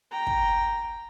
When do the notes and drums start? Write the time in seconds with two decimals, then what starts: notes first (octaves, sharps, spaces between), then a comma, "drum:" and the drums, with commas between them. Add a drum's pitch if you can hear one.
0.11 G5 A#5
0.27 drum: kick